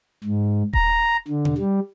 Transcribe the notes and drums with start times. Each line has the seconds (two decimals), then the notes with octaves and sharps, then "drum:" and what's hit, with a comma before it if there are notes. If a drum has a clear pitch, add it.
0.24 G#2
0.73 A#5, drum: kick D#1
1.28 D3
1.45 drum: tom B2
1.57 G3